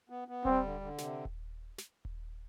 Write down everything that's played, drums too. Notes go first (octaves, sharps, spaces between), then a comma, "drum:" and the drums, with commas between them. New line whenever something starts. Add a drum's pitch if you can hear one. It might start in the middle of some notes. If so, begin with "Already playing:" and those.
B3
B3
G3 C4, drum: kick D#1
D3
D3
C3, drum: snare
drum: kick D#1
drum: snare
drum: kick D#1